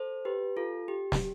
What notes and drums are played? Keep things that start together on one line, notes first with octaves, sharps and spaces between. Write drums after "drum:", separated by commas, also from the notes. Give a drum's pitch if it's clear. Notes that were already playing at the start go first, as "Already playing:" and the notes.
Already playing: A4 C5
G4 B4
F4 A4
G4
drum: snare